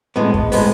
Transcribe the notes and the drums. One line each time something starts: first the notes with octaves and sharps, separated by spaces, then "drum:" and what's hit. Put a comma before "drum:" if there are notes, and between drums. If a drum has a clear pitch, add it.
A2 G#3 B3
drum: kick
A2 G#3 B3, drum: open hi-hat